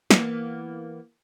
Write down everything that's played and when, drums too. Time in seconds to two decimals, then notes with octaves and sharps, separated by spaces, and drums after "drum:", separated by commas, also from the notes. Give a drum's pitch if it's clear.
0.11 E3 A#3 B3, drum: snare